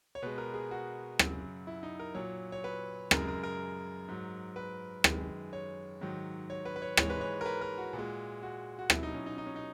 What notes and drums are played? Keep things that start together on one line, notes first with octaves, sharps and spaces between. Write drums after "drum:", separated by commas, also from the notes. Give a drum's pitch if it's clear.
C#5
B2 G#3 B4
A#4
G#4
F#4
F#2 C#3 F#3, drum: rim click
E4
D#4
A#4
A#2 F#3 C#5
C#5
B4
F#2 C#3 G#3 A#4, drum: rim click
A#4
A#4
G#2 F#3
B4
F#2 D#3 G#3, drum: rim click
C#5
G#2 D#3 F#3
C#5
B4
B4
C#5
G#2 E3 G#3 C#5, drum: rim click
B4
C#5
A#4
B4
A#4
F#4
A#2
G#3
F#4
F#4
B2 F#3 E4, drum: rim click
D#4
C#4
D#4
D#4
C#4
D#4